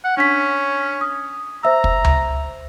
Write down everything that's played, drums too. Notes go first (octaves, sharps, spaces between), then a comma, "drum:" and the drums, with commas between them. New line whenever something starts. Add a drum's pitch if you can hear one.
F#5
C#4 D4 B6
D#6
C5 E5 A#5 E6
drum: kick
drum: tom C#2